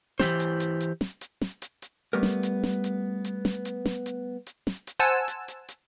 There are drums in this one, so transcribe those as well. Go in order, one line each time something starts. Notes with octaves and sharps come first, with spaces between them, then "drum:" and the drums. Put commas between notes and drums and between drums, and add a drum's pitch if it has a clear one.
E3 E4 G4 C5, drum: snare
drum: hi-hat
drum: hi-hat
drum: hi-hat
drum: snare
drum: hi-hat
drum: snare
drum: hi-hat
drum: hi-hat
G3 A3 B3 G4 A#4
drum: snare
drum: hi-hat
drum: snare
drum: hi-hat
drum: hi-hat
drum: snare
drum: hi-hat
drum: snare
drum: hi-hat
drum: hi-hat
drum: snare
drum: hi-hat
C5 F#5 G#5 A5 E6
drum: hi-hat
drum: hi-hat
drum: hi-hat